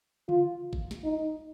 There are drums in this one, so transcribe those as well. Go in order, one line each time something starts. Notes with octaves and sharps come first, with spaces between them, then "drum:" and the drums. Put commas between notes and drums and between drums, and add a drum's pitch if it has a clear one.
F4, drum: tom C#3
drum: kick
drum: snare
D#4